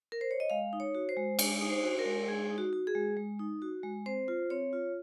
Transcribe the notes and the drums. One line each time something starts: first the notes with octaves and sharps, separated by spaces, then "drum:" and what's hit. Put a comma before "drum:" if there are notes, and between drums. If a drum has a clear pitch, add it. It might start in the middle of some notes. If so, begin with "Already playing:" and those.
A#4
C5
C#5
D#5
G#3 F5
D#4
C#5
F#4
C5
G#3
G#3, drum: cymbal
D#4
C5
F#4
A#4
G#3
G#3 G#4
D#4
F#4
F#4
G#4
G#3
G#3
D#4
F#4
G#3
C4 C5
F4
C4 C#5
F4